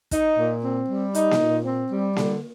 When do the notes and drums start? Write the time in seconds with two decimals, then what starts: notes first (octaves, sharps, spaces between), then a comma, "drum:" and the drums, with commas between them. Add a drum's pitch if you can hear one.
0.11 D#4, drum: kick, hi-hat
0.37 A#2
0.63 C4
0.89 G3
1.15 D#4, drum: hi-hat
1.31 drum: snare A#3
1.40 A#2
1.65 C4
1.91 G3
2.16 D3, drum: snare A#3